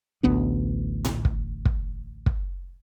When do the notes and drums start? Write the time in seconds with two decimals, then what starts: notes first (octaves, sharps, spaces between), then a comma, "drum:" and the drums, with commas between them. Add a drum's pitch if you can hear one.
0.23 A1 D2 B3 D4
1.05 drum: tom A2
1.25 drum: kick
1.65 drum: kick
2.26 drum: kick